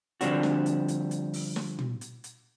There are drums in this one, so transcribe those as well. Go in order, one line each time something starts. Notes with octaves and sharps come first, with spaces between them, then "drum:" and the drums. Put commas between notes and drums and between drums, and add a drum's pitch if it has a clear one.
D3 F3 G3 C4 D4 F#4, drum: hi-hat
drum: snare
drum: hi-hat
drum: hi-hat
drum: hi-hat
drum: open hi-hat
drum: snare
drum: tom
drum: hi-hat
drum: hi-hat